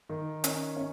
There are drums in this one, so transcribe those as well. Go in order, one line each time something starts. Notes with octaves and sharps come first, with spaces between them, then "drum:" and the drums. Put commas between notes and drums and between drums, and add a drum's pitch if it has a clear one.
D#3
C#4, drum: hi-hat
C#4